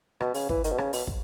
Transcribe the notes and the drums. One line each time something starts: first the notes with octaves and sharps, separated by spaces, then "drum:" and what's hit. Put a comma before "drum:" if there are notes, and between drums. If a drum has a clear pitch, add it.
B2, drum: rim click
C#3, drum: open hi-hat
E3, drum: kick
D#3, drum: hi-hat
B2
C#3, drum: rim click
B2, drum: open hi-hat
drum: kick